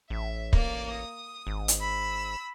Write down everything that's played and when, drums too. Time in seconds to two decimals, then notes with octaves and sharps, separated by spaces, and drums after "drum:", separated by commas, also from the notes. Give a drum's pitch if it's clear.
0.10 A1 E5
0.53 A#3 D5, drum: kick
0.91 D#6
1.47 G#1
1.68 drum: hi-hat
1.80 B5 E6